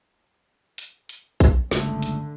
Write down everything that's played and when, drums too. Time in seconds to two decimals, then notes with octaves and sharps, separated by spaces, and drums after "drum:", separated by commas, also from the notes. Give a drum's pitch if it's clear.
0.78 drum: hi-hat
1.09 drum: hi-hat
1.40 drum: kick A#1, hi-hat
1.71 G1 C#2 D3 A3, drum: snare
2.03 drum: hi-hat